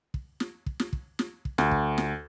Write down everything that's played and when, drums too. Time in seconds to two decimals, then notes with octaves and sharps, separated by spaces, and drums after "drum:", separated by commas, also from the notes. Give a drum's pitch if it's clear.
0.14 drum: kick
0.40 drum: snare
0.66 drum: kick
0.80 drum: snare
0.93 drum: kick
1.19 drum: snare
1.45 drum: kick
1.58 D2, drum: snare
1.71 drum: kick
1.98 drum: snare